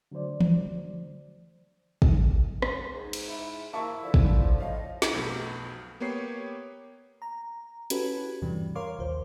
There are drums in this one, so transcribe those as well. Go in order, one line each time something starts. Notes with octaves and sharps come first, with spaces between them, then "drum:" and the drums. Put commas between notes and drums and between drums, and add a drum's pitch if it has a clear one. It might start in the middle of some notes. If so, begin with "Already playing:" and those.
D3 F#3 A3 C5 D5
drum: tom
drum: kick
drum: rim click
G#2
drum: cymbal
E4
A#3 E4 E5 A5 C#6
D3 F3
drum: kick
A2 D#5 F5
drum: snare
B1 F2 B2 A3
A#3 B3 G4 C#5 C7
A#5
C#4 E4 F#4 G4 A4 B4, drum: hi-hat
E2 G2 C3 E3
A#4 C#5 F5 C6 D6
A#1 D#2 C5